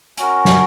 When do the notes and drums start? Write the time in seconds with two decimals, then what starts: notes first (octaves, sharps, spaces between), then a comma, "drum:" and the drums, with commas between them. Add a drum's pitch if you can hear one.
0.17 C#4 F#4 A#4, drum: hi-hat
0.45 drum: snare